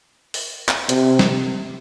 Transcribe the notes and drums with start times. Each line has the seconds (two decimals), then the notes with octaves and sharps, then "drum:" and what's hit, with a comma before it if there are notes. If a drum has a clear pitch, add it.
0.34 drum: open hi-hat
0.69 drum: clap
0.89 C3, drum: hi-hat
1.19 drum: snare